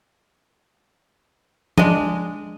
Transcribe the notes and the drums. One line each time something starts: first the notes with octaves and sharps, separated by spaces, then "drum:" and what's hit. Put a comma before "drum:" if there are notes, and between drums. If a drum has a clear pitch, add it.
G#3 D4 D#5, drum: tom F3